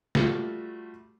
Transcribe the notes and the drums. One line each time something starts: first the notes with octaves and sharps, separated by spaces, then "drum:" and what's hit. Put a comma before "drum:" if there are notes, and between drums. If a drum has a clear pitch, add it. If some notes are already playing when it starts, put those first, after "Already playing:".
G3 A3 F4 F#4, drum: snare